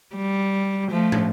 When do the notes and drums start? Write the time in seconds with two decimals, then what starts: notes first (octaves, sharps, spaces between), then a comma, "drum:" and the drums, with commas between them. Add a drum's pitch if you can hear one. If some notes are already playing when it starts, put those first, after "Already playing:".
0.16 G3
0.91 F3 A3
1.12 drum: tom